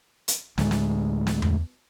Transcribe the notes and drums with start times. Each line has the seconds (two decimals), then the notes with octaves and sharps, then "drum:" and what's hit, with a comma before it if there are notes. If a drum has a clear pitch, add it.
0.28 drum: hi-hat
0.58 D2 A2 G#3, drum: snare
0.71 drum: snare
1.27 drum: snare
1.42 drum: tom E2